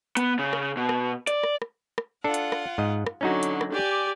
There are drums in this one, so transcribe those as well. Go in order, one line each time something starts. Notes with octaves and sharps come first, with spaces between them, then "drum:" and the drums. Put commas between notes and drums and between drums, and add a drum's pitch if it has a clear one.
B3, drum: hi-hat
C#3
drum: rim click
B2
drum: rim click
D5, drum: hi-hat
drum: rim click
drum: rim click
drum: rim click
D4 F4 A4 F#5
drum: hi-hat
drum: rim click
G#2 D#5
drum: rim click
D3 F#3 C#4 D#4 F#4
drum: hi-hat
drum: rim click
G4 D5 G#5